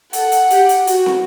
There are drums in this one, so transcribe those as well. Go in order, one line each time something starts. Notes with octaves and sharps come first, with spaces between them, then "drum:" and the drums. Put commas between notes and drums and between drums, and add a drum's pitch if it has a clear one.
A4 F#5, drum: hi-hat
drum: hi-hat
G4, drum: hi-hat
drum: hi-hat
F#4, drum: hi-hat
drum: snare